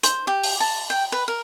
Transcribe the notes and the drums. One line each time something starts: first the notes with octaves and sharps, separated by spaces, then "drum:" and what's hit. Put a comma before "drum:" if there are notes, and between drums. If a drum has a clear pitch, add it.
C5, drum: hi-hat
G4
drum: open hi-hat
A5
G5
B4
A#4